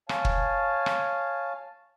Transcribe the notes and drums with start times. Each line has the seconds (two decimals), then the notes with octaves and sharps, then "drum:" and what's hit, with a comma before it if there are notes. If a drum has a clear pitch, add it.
0.09 C#5 F5 G#5 A5, drum: rim click
0.25 drum: kick
0.86 drum: rim click